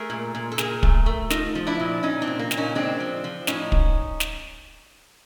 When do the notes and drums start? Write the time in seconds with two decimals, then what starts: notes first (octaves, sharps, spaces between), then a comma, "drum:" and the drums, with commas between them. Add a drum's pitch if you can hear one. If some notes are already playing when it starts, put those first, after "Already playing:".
Already playing: A3 G#4 A#4
0.10 A#2
0.35 A#2
0.52 A4
0.58 A#2 G#4 A#4, drum: snare
0.83 A3, drum: kick
1.06 A3
1.30 A3 D#4 F4, drum: snare
1.55 F3
1.67 D4 E4
1.80 A#2
2.03 A#2 C#4 D#4
2.22 C4 D4
2.27 A#2
2.39 A#3
2.51 A#2, drum: snare
2.57 C#4 D#4
2.75 G#3 C4 D4
3.00 F3
3.24 F3
3.47 A2 C#4 D#4, drum: snare
3.72 drum: kick
4.20 drum: snare